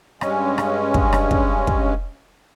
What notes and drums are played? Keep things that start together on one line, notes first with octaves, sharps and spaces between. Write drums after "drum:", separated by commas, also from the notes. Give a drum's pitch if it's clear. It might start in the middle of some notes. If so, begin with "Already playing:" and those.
G2 G#3 C#4, drum: rim click
drum: rim click
drum: kick
drum: rim click
drum: kick
drum: kick